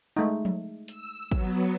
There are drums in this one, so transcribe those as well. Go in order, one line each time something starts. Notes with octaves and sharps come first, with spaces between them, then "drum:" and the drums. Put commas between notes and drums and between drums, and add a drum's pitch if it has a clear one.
G#3 A3 D#4
drum: tom F3
E6, drum: hi-hat
F#3 B3, drum: kick